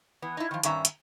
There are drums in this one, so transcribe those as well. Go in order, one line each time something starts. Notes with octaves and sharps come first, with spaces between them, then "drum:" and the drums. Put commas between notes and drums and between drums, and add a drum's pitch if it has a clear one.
E3 B3
D#4 E4
D#3 F3
G2 D#3 C#4 E5 A#5, drum: hi-hat
drum: hi-hat